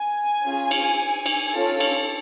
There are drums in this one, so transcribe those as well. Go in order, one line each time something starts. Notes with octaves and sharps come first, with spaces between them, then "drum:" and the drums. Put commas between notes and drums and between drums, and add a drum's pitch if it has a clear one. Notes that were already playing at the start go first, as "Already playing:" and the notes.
Already playing: G#5
C#4 F4 G#4
drum: cymbal
drum: cymbal
C#4 F4 A4 A5
drum: cymbal